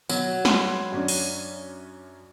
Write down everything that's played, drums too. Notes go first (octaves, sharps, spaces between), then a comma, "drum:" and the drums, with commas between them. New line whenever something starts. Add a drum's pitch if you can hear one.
B2 F#3, drum: tambourine
B5 C6, drum: snare
F#2 C#4 D4
drum: open hi-hat